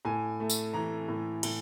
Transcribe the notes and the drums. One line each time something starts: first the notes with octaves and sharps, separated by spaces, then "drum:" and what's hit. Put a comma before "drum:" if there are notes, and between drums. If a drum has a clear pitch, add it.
A2 G#5
A3
drum: tambourine
E3 A#5
A2
A2, drum: cymbal